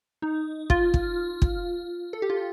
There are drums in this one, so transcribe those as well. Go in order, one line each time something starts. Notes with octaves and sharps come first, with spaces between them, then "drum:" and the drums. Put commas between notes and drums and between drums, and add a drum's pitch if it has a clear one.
D#4
F4, drum: kick
drum: kick
drum: kick
A4
G4
F4